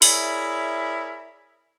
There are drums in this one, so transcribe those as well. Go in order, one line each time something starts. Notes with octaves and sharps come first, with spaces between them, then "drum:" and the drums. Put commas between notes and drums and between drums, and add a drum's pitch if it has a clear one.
E4 G#4 A#4 C#5 D5 E5, drum: open hi-hat